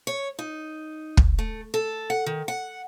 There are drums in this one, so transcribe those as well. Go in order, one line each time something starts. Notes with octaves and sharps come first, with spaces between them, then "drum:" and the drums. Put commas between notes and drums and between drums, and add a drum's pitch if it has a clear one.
C#5
D#4
drum: kick
A3
A4
F#5
D#3
F#5